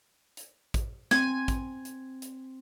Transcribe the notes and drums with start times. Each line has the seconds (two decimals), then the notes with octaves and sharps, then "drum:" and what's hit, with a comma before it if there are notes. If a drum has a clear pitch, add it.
0.37 drum: hi-hat
0.74 drum: kick, hi-hat
1.11 C4 G#5, drum: snare
1.48 drum: kick, hi-hat
1.85 drum: hi-hat
2.22 drum: hi-hat